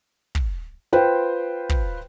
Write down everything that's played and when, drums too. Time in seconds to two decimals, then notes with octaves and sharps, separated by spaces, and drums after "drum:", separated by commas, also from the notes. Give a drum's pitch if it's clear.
0.35 drum: kick
0.93 F4 B4 C5 G5
1.69 drum: kick